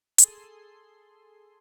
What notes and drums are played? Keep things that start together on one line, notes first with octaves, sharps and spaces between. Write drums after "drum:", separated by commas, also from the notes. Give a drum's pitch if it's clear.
G#4 A4 C6, drum: hi-hat